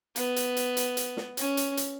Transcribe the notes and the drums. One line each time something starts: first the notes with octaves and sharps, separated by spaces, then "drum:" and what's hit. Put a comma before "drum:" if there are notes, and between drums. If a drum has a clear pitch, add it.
B3, drum: hi-hat
drum: hi-hat
drum: hi-hat
drum: hi-hat
drum: hi-hat
drum: snare
C#4, drum: hi-hat
drum: hi-hat
drum: hi-hat